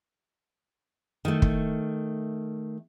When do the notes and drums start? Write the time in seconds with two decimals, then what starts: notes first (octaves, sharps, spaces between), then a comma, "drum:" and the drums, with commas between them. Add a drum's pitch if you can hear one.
1.25 D#3 A3
1.42 drum: kick